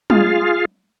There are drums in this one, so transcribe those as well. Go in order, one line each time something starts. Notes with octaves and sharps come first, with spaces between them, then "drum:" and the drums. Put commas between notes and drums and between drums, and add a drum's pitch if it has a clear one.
F4 G#4 F5, drum: tom